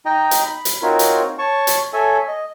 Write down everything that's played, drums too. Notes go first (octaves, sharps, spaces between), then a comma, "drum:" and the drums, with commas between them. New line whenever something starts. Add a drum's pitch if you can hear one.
D#4 D#5 G5 A#5
drum: hi-hat
B5
drum: hi-hat
C4 D#4 F4 F#4 A#4 C#5
drum: hi-hat
C#5 A5 C#6
drum: hi-hat
A4 C#5 E5 G#5
D#5